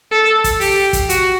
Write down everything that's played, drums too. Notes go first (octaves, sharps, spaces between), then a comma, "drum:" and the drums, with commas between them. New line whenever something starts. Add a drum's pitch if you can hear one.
A4
drum: kick, hi-hat
G4, drum: open hi-hat
drum: kick, hi-hat
F#4, drum: hi-hat